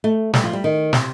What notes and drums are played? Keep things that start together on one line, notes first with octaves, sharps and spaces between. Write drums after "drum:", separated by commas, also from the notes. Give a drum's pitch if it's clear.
A3
G3, drum: snare
F3
G3
D#3
C3, drum: snare